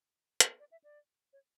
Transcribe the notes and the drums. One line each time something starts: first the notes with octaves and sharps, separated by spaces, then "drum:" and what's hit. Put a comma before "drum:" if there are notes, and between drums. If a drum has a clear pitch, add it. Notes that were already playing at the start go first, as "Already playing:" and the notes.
drum: hi-hat
D5
E5
D5
C#5